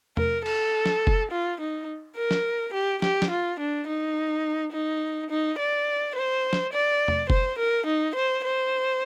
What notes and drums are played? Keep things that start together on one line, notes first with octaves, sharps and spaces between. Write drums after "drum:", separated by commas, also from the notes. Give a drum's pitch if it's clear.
A#4, drum: tom
A4, drum: cymbal
drum: snare
drum: kick F#1
F4
D#4
A#4
drum: snare
G4
G4, drum: snare
drum: snare
F4
D4
D#4
D#4
D#4
D5
C5
drum: snare
D5
drum: tom
C5, drum: kick F#1
A#4
D#4
C5
C5